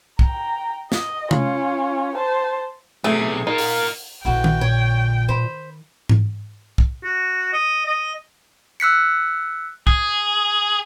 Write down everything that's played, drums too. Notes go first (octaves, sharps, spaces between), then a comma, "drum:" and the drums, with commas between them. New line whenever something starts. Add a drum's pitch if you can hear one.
G5 A#5, drum: kick
D#5, drum: snare
C#4 F4, drum: tom C3
C5 A5
B1 C3 A3 G#4
A#3 D#4 F4 A#4
drum: open hi-hat
A#1 D3 E4 F#4 B4 G5
drum: tom D#3
A#2 C#5
D#3 C5 B5
drum: tom G#2
drum: kick
F#4
D#5
D#5
E6 F#6 B6 C#7
G#4, drum: kick